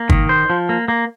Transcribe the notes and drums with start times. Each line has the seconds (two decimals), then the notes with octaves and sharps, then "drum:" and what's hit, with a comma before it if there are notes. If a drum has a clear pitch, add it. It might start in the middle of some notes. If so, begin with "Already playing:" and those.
Already playing: A#3
0.10 D#3, drum: kick G1
0.29 C5
0.50 F3
0.69 A#3
0.88 A#3